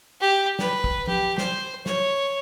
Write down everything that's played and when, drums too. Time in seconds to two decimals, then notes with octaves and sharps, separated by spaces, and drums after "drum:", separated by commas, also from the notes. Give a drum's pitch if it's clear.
0.21 G4
0.59 B4, drum: snare
0.84 drum: kick
1.08 G4, drum: tom F3
1.38 C5, drum: snare
1.86 C#5, drum: snare